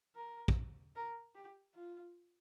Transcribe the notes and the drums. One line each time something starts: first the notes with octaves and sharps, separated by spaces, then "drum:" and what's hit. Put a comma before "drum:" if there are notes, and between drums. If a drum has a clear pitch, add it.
A#4
drum: kick
A#4
G4
F4